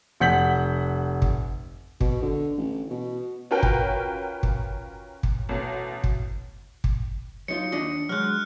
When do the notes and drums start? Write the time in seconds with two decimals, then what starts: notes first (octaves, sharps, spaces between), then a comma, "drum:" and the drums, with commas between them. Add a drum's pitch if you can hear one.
0.20 F1 F#5 G6 B6 F#7
1.22 drum: kick
2.01 B2, drum: kick
2.22 D3
2.58 A1
2.90 B2
3.51 C#4 F4 F#4 A#4 B4 G5
3.63 drum: kick
4.43 drum: kick
5.23 drum: kick
5.49 A1 B2
6.04 drum: kick
6.84 drum: kick
7.48 F#3 D#4 F4 C#7
7.72 D#2 D4 D#5
8.09 F#3 G#3 F6 F#6